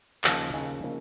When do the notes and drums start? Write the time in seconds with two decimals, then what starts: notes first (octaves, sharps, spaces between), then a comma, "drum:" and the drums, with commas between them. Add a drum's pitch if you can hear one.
0.24 D#2 C#3 F3 A#3 D#4, drum: clap
0.54 D#2 C#3 F3 A#3 D#4
0.83 C#3 F3 A#3 D#4